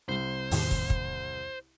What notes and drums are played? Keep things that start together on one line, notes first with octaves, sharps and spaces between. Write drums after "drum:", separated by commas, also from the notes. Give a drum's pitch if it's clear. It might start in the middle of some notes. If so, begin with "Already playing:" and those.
C2 C5
E2 A2 D#3, drum: open hi-hat
drum: kick
drum: kick